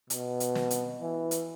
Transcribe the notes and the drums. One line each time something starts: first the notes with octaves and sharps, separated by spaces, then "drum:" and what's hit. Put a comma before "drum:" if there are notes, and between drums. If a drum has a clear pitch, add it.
B2, drum: hi-hat
drum: hi-hat
drum: snare
drum: hi-hat
E3
drum: hi-hat